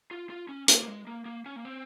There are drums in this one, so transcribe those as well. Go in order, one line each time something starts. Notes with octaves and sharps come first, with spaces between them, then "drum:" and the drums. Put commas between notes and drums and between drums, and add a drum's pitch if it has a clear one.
F4
F4
C#4
A#3, drum: hi-hat
A#3
G#3
A#3
A#3
C#4
A#3
C4